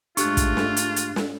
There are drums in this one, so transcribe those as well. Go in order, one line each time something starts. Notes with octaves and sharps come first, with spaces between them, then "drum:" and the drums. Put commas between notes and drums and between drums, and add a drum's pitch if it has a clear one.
G#2 A3 D4 F4 G4 C#6 F#6, drum: hi-hat
drum: kick, hi-hat
drum: snare
drum: hi-hat
drum: hi-hat
drum: snare